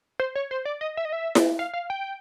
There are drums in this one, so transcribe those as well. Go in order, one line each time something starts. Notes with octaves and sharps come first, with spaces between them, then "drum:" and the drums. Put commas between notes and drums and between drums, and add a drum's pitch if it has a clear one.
C5
C#5
C5
D5
D#5
E5
D#5
E5
drum: snare E4
F5
F5
G5